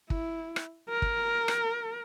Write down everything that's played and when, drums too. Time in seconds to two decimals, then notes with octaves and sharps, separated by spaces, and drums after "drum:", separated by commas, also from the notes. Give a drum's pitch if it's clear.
0.10 E4, drum: kick
0.56 drum: rim click
0.89 A#4
1.02 drum: kick
1.48 drum: rim click